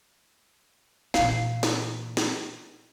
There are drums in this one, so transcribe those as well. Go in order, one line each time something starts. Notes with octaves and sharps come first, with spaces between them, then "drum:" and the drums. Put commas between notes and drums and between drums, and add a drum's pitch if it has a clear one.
A#2 E3 F5, drum: snare
drum: snare
drum: snare